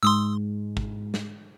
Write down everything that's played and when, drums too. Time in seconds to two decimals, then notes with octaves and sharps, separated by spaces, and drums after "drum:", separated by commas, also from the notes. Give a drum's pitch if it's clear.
0.03 G#2 G#3 C6 D#6 E6
0.77 drum: kick
1.14 drum: snare